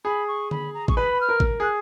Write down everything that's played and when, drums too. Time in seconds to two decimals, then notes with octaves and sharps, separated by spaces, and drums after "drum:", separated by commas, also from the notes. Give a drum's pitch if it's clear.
0.05 G#4 B5
0.28 C#6
0.51 B5, drum: tom D3
0.74 A#5
0.88 C#6, drum: kick
0.97 B4 B5
1.21 F6
1.29 A#4
1.40 drum: kick
1.60 G#4 F#6